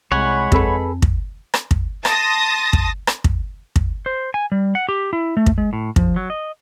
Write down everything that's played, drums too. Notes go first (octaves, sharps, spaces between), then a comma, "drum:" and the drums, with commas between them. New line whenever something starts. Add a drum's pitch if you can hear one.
C2 G#3 C#5 F#5 G#5 B5
F2 C4 G#4 A4 B4, drum: kick
drum: kick
drum: rim click
drum: kick
A5 C6 D#6 A#6, drum: rim click
drum: kick
drum: rim click
drum: kick
drum: kick
C5
G#5
G3
F#5
G4
E4
A3
drum: kick
G#3
A2
F3, drum: kick
F#3
D#5